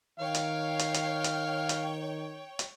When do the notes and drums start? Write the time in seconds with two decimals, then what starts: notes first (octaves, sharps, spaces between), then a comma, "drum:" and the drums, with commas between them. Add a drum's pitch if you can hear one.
0.20 D#3 C#5 F5 G5
0.34 drum: hi-hat
0.79 drum: hi-hat
0.94 drum: hi-hat
1.24 drum: hi-hat
1.69 drum: hi-hat
2.59 drum: hi-hat